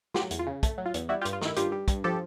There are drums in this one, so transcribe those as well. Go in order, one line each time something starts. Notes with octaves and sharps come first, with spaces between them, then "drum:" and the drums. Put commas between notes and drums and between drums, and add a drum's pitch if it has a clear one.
F#3 F4 G4, drum: snare
E2, drum: hi-hat
F4
C#3
A3, drum: kick, hi-hat
F#3
F4
E2, drum: hi-hat
G3 E4 F#4
F4 G4
G2, drum: hi-hat
F4
D#3 E4, drum: snare
G2 F4 G4, drum: hi-hat
G3
G2, drum: kick, hi-hat
F3 G4 A4